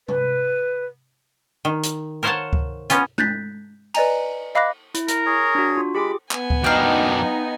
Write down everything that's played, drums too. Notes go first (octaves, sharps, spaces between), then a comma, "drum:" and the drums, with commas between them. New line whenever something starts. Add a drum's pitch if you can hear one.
B4, drum: tom C3
D#3
drum: hi-hat
A#4 C5 C#5 F5 F#5 A5
drum: kick C#2
B3 C#4 F4, drum: hi-hat
F#6 G6 A6 B6, drum: tom G#3
B4 D5 D#5 G#5 A#5, drum: cymbal
D#5 F5 B5 D6 F#6 A#6
E4, drum: hi-hat
A#4, drum: hi-hat
G#4 C#5
D4 F#4
F4
G#3 G4 G#4 B5 D6
B3 G#5, drum: clap
drum: kick C#2
F#2 D4 D#4 F5 G5